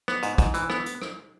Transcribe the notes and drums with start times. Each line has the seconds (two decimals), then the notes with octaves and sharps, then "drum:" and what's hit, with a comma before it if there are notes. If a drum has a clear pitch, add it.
0.08 B3, drum: rim click
0.23 G#2, drum: hi-hat
0.38 G#2, drum: kick, hi-hat
0.54 E3, drum: hi-hat
0.70 B3, drum: rim click
0.86 drum: hi-hat
1.02 drum: rim click